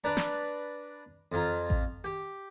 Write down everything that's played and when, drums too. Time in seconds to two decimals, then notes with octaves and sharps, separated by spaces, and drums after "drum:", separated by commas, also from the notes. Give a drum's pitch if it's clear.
0.04 D4 B4 D5 A#5
0.17 drum: snare
1.32 F2 F4 A#5
1.70 drum: kick A1
2.04 G4